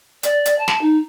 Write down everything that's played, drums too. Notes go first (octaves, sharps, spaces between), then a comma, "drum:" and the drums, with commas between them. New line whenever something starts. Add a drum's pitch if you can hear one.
D5, drum: hi-hat
drum: hi-hat
A5
drum: snare
D#4